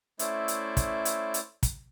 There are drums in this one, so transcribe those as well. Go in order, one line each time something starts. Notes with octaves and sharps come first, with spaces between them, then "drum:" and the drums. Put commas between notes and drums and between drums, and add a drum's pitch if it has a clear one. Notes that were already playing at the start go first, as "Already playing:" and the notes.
A3 C#4 E4 C5 D5 E5, drum: hi-hat
drum: hi-hat
drum: kick, hi-hat
drum: hi-hat
drum: hi-hat
drum: kick, hi-hat